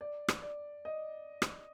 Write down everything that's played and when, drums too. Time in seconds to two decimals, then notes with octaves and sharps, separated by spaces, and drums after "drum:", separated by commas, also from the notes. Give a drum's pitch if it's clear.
0.01 D5
0.28 drum: rim click
0.42 D5
0.85 D#5
1.42 drum: rim click